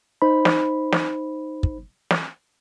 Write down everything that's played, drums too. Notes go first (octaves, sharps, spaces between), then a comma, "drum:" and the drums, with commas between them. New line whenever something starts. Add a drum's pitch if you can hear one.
D#4 C5 B5
drum: snare
drum: snare
drum: kick
drum: snare